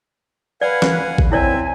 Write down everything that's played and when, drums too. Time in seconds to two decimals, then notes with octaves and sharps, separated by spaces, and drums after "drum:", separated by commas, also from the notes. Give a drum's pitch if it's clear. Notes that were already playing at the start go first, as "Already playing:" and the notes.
0.61 B4 D5 F5 F#5 G#5
0.82 drum: snare
1.18 drum: kick A1
1.32 C4 E4 C#5 D5 E5 G#5